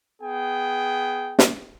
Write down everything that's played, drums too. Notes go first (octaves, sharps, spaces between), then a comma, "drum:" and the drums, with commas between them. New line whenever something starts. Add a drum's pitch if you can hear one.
B3 G#4 G5
drum: snare